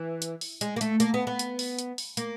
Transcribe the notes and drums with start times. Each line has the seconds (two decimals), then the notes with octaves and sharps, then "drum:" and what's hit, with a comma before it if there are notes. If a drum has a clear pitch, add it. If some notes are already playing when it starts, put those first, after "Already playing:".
Already playing: E3
0.22 drum: hi-hat
0.41 drum: open hi-hat
0.61 G#3, drum: hi-hat
0.76 A#3
0.81 A3, drum: hi-hat
1.00 A#3, drum: hi-hat
1.14 B3
1.27 B3
1.39 drum: hi-hat
1.59 drum: open hi-hat
1.79 drum: hi-hat
1.98 drum: open hi-hat
2.17 A#3, drum: hi-hat